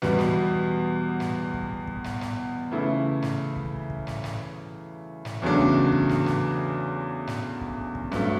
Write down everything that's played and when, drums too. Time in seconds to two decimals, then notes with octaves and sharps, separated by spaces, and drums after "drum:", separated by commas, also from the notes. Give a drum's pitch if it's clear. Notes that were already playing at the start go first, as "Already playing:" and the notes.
0.02 E2 B2 G3 B3, drum: snare
0.19 drum: snare
1.20 drum: snare
1.54 drum: kick
1.87 drum: kick
2.04 drum: snare
2.21 drum: snare
2.72 C#3 E3 A3 E4
3.22 drum: snare
3.56 drum: kick
3.90 drum: kick
4.07 drum: snare
4.24 drum: snare
5.25 drum: snare
5.42 E2 C#3 F#3 A3 D4
5.59 drum: kick
5.92 drum: kick
6.09 drum: snare
6.26 drum: snare
7.27 drum: snare
7.61 drum: kick
7.95 drum: kick
8.12 G2 F#3 A3, drum: snare